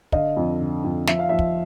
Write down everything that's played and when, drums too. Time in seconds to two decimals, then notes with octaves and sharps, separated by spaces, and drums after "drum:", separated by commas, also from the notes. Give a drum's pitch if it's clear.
0.12 D3 D#5 F5, drum: kick
0.36 F2
0.60 D3
0.84 F2
1.07 F3 E5, drum: snare
1.19 F5
1.29 F3 E5
1.39 drum: kick